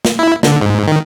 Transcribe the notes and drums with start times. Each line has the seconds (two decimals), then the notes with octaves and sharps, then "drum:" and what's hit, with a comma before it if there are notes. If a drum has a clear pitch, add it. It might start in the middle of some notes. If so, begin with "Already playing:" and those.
0.05 drum: snare
0.19 E4
0.43 D3, drum: snare
0.61 G#2
0.87 D#3